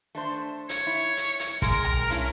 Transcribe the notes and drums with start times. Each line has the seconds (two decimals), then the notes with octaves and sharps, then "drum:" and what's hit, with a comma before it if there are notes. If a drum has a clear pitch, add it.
0.15 A3 D4 C5
0.69 C#5, drum: hi-hat
0.87 E4
1.17 drum: hi-hat
1.39 drum: hi-hat
1.62 G#3 A#4, drum: kick, hi-hat
1.84 drum: tom B1
2.10 A3 C#4 E4, drum: hi-hat